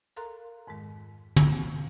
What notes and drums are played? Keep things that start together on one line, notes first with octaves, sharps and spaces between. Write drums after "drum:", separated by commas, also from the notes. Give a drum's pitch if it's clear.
A4 A#4 F5 A#5 C6 F#6
F2 G#2 D#3 G#3
drum: tom
F5